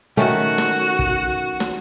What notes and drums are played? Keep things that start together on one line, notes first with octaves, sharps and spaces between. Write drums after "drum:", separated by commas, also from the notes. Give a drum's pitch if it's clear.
D#3 A3 C#4 F#4
drum: snare
drum: kick
drum: snare